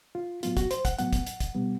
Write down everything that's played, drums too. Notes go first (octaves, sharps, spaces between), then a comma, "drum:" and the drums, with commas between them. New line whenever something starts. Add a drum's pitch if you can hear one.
F4
A2 F#3 B3 F4, drum: hi-hat
F#4, drum: kick, hi-hat
C5, drum: hi-hat
F#5, drum: kick, hi-hat
A2 F#3 B3 F#5, drum: hi-hat
drum: kick, hi-hat
drum: hi-hat
drum: kick, hi-hat
B2 G3 B3